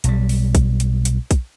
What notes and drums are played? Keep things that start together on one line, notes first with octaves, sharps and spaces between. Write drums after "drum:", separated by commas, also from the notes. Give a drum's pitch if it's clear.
B1 G3, drum: hi-hat
drum: open hi-hat
drum: kick, hi-hat
drum: hi-hat
drum: hi-hat
drum: kick, hi-hat